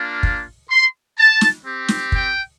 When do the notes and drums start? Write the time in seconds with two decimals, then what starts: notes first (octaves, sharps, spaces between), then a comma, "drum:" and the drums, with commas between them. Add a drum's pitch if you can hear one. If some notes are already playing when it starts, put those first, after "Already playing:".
Already playing: A#3 D4 F4
0.23 drum: kick
0.70 C6
1.17 A5
1.41 drum: snare
1.64 C4 G4
1.88 drum: snare
2.12 G5, drum: kick